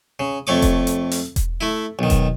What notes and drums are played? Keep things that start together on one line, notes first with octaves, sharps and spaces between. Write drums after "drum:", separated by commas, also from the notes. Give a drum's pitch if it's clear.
C#3
F2 A3 C#5 D6
drum: kick E1, hi-hat
drum: hi-hat
drum: open hi-hat
drum: kick E1, hi-hat
A3 E4
B1 D#3
drum: kick E1, hi-hat